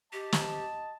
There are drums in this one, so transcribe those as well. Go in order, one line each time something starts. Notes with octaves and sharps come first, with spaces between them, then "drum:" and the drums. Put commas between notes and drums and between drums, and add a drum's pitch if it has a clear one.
G4 D#5 A5
drum: snare